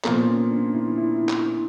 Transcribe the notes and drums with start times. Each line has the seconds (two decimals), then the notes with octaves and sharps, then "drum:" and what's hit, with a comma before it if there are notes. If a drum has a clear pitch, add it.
0.04 A#2 F3 A#3 B3, drum: clap
0.28 C#4
0.51 D4
0.74 E4
0.98 E4
1.29 drum: clap